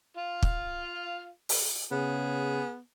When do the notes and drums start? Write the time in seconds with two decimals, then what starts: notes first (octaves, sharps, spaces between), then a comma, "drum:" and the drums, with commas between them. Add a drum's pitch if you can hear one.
0.17 F4 F5
0.43 drum: kick
1.49 drum: open hi-hat
1.91 C#3 B3 G#4